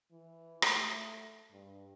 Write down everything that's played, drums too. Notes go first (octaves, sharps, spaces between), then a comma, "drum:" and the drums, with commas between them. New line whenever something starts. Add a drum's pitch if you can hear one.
E3
A3, drum: rim click
G2